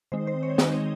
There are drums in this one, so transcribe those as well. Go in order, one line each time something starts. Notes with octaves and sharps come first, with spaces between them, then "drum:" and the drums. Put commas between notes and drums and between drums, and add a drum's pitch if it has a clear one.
D#3 G#3 C4 D#4 C5
C5
C#5
D#3 G#3 C4 D#4 D#5, drum: snare